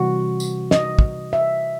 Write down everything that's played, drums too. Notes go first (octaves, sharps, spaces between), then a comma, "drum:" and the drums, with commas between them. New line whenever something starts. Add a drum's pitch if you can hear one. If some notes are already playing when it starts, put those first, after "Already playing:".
Already playing: C3 E3 G3 F#4
drum: tambourine
D#5, drum: snare
drum: kick
E5